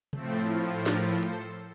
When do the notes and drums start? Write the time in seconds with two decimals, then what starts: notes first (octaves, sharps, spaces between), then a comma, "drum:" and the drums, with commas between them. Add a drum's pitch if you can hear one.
0.13 A2 F3 A3 C4, drum: tom C3
0.86 G4 A#4, drum: snare
1.23 A4 C5, drum: hi-hat